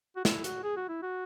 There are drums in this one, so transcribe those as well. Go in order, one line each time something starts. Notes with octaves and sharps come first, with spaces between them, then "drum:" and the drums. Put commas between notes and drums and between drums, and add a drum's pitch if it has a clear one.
F#4
E4, drum: snare
F#4, drum: hi-hat
G#4
F#4
E4
F#4